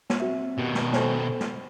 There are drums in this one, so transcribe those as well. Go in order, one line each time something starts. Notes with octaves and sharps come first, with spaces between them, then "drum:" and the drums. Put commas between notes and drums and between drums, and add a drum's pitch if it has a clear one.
drum: snare
C4 F#4 E5
B2 D#3 G4
drum: snare
A4 C5 G#5, drum: snare
drum: snare